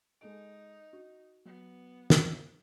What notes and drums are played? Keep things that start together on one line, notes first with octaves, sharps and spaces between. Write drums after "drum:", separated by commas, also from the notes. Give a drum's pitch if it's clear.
G#3 D#4 A4 D7
F#4
F#3 B3
drum: snare